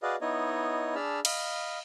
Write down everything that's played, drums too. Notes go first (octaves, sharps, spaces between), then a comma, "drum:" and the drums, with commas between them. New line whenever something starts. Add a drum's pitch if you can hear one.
F#4 G#4 B4 D5 D#5 F5
B3 D#4 E4 C#5 D#5
D4 G#4 A5 B5 E6 F6
D#5 F5 B5, drum: cymbal